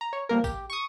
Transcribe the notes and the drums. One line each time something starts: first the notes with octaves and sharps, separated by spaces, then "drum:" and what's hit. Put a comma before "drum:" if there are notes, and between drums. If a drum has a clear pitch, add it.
A#5
C#5
F3 G3 A#3 A#4
G4, drum: kick, tambourine
C#6 D#6